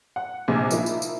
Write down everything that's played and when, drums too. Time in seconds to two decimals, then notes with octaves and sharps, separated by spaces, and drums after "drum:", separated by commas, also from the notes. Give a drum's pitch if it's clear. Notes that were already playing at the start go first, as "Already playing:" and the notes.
0.16 F#5
0.48 A#1 C3 D#4 G#4
0.71 F3 A#3 D#4 E4, drum: tambourine
0.86 drum: tambourine
1.02 drum: tambourine